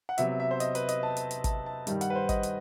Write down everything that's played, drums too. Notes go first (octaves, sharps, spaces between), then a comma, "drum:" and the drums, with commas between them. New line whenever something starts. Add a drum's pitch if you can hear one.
F#5
C3 F#3 B3 E5, drum: hi-hat
E5
C5
D#5, drum: hi-hat
B4, drum: hi-hat
D#5, drum: hi-hat
A5
drum: hi-hat
drum: hi-hat
A5, drum: kick, hi-hat
A5
G2 D#3 G3, drum: hi-hat
F#5, drum: hi-hat
B4
C5
D#5, drum: kick, hi-hat
drum: hi-hat